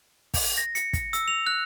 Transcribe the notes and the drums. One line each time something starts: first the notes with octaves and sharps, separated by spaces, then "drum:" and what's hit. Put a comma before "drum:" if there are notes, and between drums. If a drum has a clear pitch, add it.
drum: kick, open hi-hat
A#6
C#7, drum: hi-hat
drum: kick, hi-hat
E6, drum: hi-hat
F7
F#6